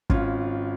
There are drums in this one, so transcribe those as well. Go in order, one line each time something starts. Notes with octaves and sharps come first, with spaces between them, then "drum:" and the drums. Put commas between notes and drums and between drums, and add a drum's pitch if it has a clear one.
G#1 C#4 F4, drum: kick